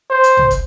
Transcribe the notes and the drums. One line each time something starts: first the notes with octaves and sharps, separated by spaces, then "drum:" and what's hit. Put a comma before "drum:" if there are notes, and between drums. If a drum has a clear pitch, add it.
C5
drum: hi-hat
drum: tom C2
drum: kick, hi-hat